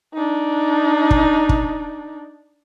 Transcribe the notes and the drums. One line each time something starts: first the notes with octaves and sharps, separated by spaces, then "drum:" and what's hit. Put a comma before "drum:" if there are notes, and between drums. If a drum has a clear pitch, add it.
D4 D#4
drum: kick
drum: kick